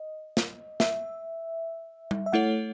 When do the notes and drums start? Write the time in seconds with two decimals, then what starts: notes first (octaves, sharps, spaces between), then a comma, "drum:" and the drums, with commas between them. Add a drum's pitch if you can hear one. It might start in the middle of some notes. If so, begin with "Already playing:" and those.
Already playing: D#5
0.37 drum: snare
0.80 E5, drum: snare
2.11 drum: tom G3
2.26 E5
2.32 A3 E4 A4 C#5 F#5